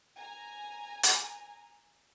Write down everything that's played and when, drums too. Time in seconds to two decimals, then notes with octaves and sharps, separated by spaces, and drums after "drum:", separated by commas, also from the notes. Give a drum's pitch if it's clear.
0.18 G#5 A#5
1.03 drum: hi-hat